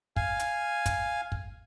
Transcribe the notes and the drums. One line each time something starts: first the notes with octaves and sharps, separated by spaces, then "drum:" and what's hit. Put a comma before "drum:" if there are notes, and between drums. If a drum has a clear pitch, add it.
F5 G#5, drum: kick
drum: hi-hat
drum: kick, hi-hat
drum: kick